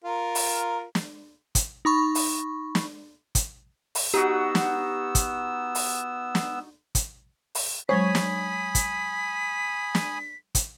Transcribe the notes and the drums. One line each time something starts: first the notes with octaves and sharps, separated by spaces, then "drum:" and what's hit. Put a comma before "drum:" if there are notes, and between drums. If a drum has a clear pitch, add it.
F4 A#4
drum: open hi-hat
drum: snare
drum: kick, hi-hat
D#4 B5 C#6
drum: open hi-hat
drum: snare
drum: kick, hi-hat
drum: open hi-hat
B3 D#4 F#4 G4 E6
drum: snare
drum: kick, hi-hat
drum: open hi-hat
drum: snare
drum: kick, hi-hat
drum: open hi-hat
F#3 G#3 C5 C#5 G#5 B5 D#6 B6
drum: snare
drum: kick, hi-hat
drum: snare
drum: kick, hi-hat